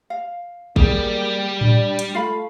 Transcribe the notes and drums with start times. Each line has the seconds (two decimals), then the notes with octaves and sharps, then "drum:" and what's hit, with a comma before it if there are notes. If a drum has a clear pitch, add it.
0.10 F5
0.76 G3 A#3 G#4, drum: kick G#1
1.61 D4, drum: tom A2
1.99 drum: hi-hat
2.14 A3 F4 F5 B5